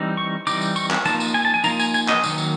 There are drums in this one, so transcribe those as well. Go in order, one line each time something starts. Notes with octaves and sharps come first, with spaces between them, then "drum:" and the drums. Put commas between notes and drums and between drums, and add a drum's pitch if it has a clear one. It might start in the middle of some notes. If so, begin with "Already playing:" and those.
Already playing: E3 G3 C4 D#4
C#6
E3 G3 C4 D#4 D6, drum: tambourine
drum: tambourine
C#6, drum: tambourine
drum: clap
F3 A#3 D#4 A5, drum: tambourine
drum: tambourine
G#5
A5
G#5
F3 A#3 D#4 A#5, drum: tambourine
G#5, drum: tambourine
G#5, drum: tambourine
D#5, drum: clap
D#3 F#3 A#3, drum: tambourine
drum: tambourine